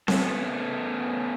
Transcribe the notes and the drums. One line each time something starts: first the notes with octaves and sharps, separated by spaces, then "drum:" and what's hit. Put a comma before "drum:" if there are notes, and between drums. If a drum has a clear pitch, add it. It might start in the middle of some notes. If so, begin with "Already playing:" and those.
A3 B3 C#4 A4, drum: snare C4